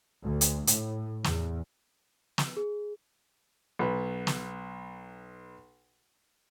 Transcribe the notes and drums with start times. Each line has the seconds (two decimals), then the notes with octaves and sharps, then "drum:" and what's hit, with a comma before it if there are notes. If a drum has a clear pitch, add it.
0.23 D2
0.41 drum: hi-hat
0.67 A2, drum: hi-hat
1.24 E2, drum: snare
2.38 drum: snare
2.57 G#4
3.79 B1 B4
4.27 drum: snare